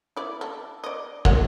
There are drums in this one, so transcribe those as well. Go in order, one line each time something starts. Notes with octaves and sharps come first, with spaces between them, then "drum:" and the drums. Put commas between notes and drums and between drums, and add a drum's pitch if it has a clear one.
E4 D5
A4
D5 D#5
A#4 C#5 F#5, drum: kick